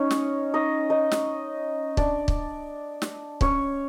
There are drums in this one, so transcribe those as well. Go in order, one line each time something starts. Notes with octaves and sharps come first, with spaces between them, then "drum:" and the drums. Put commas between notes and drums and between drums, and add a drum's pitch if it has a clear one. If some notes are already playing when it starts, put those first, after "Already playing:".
Already playing: C#4 D#4 C#5
drum: snare
D#4 D#5
D#4 D#5
drum: snare
D4 D5, drum: kick
drum: kick
drum: snare
C#4 C#5, drum: kick